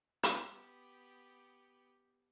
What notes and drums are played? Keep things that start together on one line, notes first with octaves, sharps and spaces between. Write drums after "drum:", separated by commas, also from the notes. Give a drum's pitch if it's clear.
B3 G4, drum: hi-hat